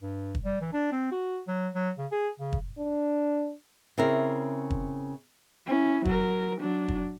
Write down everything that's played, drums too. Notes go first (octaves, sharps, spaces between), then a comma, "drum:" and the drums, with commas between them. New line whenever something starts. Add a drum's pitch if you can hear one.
G2
drum: kick
G3
E3
D4
C4
F#4
F#3
F#3
C#3
G#4
C#3
drum: kick
D4
C#3 C4 E4 A#4
drum: kick
C#4 E4
F#3 A#4, drum: kick
F#3 D4
drum: kick